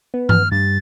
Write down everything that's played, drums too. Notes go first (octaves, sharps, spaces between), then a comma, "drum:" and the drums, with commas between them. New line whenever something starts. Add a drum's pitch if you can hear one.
B3
F6, drum: tom G2
G2 A6